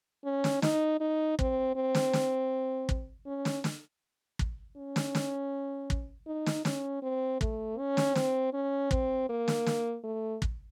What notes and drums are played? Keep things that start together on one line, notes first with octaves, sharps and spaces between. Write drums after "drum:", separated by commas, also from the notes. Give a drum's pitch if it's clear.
C#4
drum: snare
D#4, drum: snare
D#4
C4, drum: kick
C4
drum: snare
drum: snare
drum: kick
C#4
drum: snare
drum: snare
drum: kick
C#4
drum: snare
drum: snare
drum: kick
D#4
drum: snare
C#4, drum: snare
C4
A3, drum: kick
C#4
drum: snare
C4, drum: snare
C#4
C4, drum: kick
A#3
drum: snare
drum: snare
A3
drum: kick